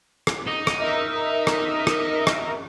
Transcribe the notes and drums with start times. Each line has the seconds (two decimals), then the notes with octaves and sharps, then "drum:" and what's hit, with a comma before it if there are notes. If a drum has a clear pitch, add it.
0.27 drum: rim click
0.47 D#4
0.67 drum: rim click
0.78 A#4 D#5 E5
1.47 drum: rim click
1.87 drum: rim click
2.27 drum: rim click